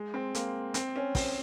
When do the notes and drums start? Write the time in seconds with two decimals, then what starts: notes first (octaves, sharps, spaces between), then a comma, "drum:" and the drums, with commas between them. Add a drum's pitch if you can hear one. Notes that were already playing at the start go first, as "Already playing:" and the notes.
Already playing: G#3
0.14 C4
0.35 A#3, drum: hi-hat
0.74 C4, drum: hi-hat
0.96 C#4
1.15 C4, drum: kick, open hi-hat